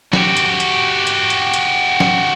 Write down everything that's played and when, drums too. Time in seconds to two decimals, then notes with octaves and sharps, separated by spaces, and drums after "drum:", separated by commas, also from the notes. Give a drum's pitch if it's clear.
0.13 F#4 G4, drum: snare F#3
0.37 drum: hi-hat
0.60 drum: hi-hat
1.07 drum: hi-hat
1.30 drum: hi-hat
1.54 drum: hi-hat
2.00 drum: snare F#3